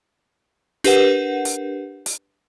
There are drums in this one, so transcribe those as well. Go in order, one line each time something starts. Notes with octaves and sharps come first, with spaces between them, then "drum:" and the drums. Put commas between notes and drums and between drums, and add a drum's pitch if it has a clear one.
D4 G4 A#4 B4 F#5, drum: hi-hat
drum: hi-hat
drum: hi-hat